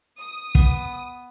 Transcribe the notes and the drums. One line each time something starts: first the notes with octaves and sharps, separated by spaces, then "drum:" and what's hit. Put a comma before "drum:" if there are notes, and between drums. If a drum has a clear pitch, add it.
D#6
B3, drum: kick